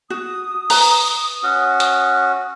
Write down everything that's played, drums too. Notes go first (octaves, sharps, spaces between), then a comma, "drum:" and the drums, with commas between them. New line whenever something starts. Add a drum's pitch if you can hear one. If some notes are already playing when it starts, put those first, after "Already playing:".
F#4 D#6
B4 A#5, drum: open hi-hat
C#4 F#4
drum: hi-hat